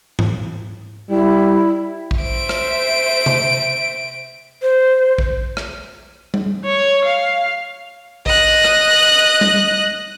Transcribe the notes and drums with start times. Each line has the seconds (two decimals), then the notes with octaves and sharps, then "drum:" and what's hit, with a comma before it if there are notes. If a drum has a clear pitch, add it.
0.19 drum: tom G#2
1.10 G3 E4
2.11 drum: kick A#1
2.22 C5 E5 D7
2.49 drum: rim click
3.26 drum: tom C3
4.62 C5
5.18 drum: kick A#1
5.57 drum: rim click
6.34 drum: tom G3
6.65 C#5
7.05 F5
8.26 D#5 F#6, drum: kick A#1
8.64 drum: rim click
9.41 drum: tom G3